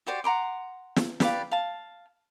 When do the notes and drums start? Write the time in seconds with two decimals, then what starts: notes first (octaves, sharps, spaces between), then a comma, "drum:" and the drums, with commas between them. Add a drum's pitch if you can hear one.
0.07 F#4 G4 C5 D5
0.24 F#5 A#5 C6 D6
0.96 drum: snare
1.20 G4 B4 D5 F5, drum: snare
1.51 F5 A5